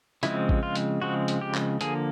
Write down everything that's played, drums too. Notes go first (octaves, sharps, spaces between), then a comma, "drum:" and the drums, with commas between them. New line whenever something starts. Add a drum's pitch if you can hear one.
C#3 F3 G#3 C4 E4, drum: hi-hat
drum: kick A1
F4
drum: hi-hat
C#3 F3 G#3 C4 F#4
drum: hi-hat
G4
drum: clap
D3 F3 A#3 G#4, drum: hi-hat